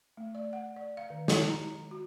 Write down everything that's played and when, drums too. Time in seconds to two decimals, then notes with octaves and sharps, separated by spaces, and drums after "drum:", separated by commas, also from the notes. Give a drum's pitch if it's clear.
0.17 A3
0.35 D5
0.53 F#5
0.76 D5
0.97 F5
1.10 D#3
1.28 G#3, drum: snare
1.50 A#5
1.91 F#4